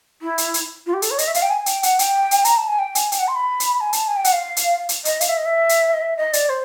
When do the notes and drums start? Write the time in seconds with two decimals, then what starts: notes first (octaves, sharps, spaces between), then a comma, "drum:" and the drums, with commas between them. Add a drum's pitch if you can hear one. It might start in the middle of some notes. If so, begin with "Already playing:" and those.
0.22 E4
0.38 drum: hi-hat
0.54 drum: hi-hat
0.87 F4
0.93 G4
1.02 A4, drum: hi-hat
1.11 C#5
1.18 D#5, drum: hi-hat
1.27 E5
1.34 F5, drum: hi-hat
1.42 G5
1.50 G#5
1.66 G5, drum: hi-hat
1.83 F#5, drum: hi-hat
1.99 G5, drum: hi-hat
2.31 drum: hi-hat
2.45 A#5, drum: hi-hat
2.57 A5
2.68 G#5
2.79 G5
2.95 G#5, drum: hi-hat
3.12 G5, drum: hi-hat
3.19 F#5
3.28 C6
3.35 B5
3.60 drum: hi-hat
3.81 G#5
3.93 A5, drum: hi-hat
4.08 G#5
4.16 G5
4.24 F#5, drum: hi-hat
4.33 F5
4.57 drum: hi-hat
4.89 drum: hi-hat
5.05 D#5, drum: hi-hat
5.21 F5, drum: hi-hat
5.29 E5
5.38 D#5
5.45 E5
5.69 drum: hi-hat
5.94 D#5
6.01 E5
6.17 D#5
6.33 D5, drum: hi-hat
6.49 C5